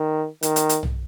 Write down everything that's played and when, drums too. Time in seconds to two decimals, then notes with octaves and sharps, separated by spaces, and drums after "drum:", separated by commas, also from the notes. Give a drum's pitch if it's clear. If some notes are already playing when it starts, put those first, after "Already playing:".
Already playing: D#3
0.43 D#3, drum: hi-hat
0.56 drum: hi-hat
0.69 drum: hi-hat
0.83 drum: tom B1